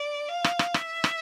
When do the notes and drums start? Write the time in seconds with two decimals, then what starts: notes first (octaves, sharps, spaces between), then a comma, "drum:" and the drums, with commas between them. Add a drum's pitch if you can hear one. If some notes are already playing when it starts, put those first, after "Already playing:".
Already playing: D5
0.29 F5
0.44 drum: rim click
0.59 drum: rim click
0.74 E5, drum: rim click
1.04 drum: rim click